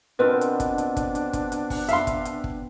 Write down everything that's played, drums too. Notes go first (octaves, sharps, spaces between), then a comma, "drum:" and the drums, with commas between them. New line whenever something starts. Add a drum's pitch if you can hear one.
B2 C4 D4 F4 A#4 B4
drum: hi-hat
drum: kick, hi-hat
drum: hi-hat
drum: kick, hi-hat
drum: hi-hat
drum: kick, hi-hat
drum: hi-hat
drum: kick, open hi-hat
E5 F5 C6, drum: hi-hat
drum: kick, hi-hat
drum: hi-hat
drum: kick